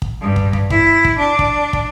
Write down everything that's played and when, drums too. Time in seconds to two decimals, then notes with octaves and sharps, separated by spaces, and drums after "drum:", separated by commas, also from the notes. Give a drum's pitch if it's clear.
0.02 drum: kick
0.21 G2
0.36 drum: kick
0.53 drum: kick
0.70 E4, drum: kick
1.05 drum: kick
1.18 D4
1.39 drum: kick
1.73 drum: kick